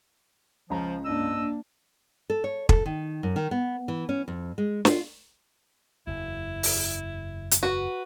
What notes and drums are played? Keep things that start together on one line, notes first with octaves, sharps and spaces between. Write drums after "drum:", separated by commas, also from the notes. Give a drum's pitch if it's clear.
C#2 C#3 F3 A#5
G2 A#3 D4 D#5 E6
A4
C#5
A4, drum: kick
D#3
F#2
D#3
B3
E3
C#4
F2
G#3
F4, drum: snare
F#1 E2 E4
drum: open hi-hat
drum: hi-hat
F#4 B4